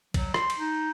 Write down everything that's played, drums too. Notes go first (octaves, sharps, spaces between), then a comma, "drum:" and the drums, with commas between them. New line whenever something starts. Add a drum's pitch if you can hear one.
F#3, drum: kick, cymbal
C6, drum: rim click
drum: cymbal
D#4